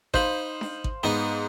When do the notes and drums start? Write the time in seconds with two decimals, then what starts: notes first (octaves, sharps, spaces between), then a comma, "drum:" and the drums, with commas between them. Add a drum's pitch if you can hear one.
0.14 D#4 C5 F5 B5 G6, drum: kick G#1
0.61 drum: snare D4
0.84 drum: kick G#1
1.03 G#2 B3 D#4